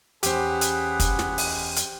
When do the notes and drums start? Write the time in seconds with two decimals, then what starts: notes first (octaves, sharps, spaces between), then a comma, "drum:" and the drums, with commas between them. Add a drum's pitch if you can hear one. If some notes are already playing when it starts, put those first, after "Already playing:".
0.23 E2 C#4 G4 G#4 B4 C5 F#5, drum: hi-hat
0.61 drum: hi-hat
1.00 drum: kick, hi-hat
1.19 drum: snare
1.38 drum: open hi-hat
1.76 drum: hi-hat